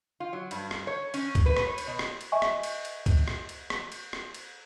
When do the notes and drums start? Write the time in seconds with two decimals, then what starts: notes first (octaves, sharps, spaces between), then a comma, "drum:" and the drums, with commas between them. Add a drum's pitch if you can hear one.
0.20 F4
0.33 F#3
0.51 G2, drum: cymbal
0.71 drum: rim click
0.87 C#5
1.14 C#4, drum: cymbal
1.35 drum: kick, cymbal
1.46 B4
1.57 drum: rim click
1.67 C#5
1.78 drum: cymbal
1.87 B2
1.99 drum: rim click
2.21 drum: cymbal
2.32 D#5 E5 G#5 C#6
2.42 drum: rim click
2.63 drum: cymbal
2.85 drum: cymbal
3.06 drum: kick, cymbal
3.28 drum: rim click
3.49 drum: cymbal
3.70 drum: rim click
3.92 drum: cymbal
4.13 drum: rim click
4.34 drum: cymbal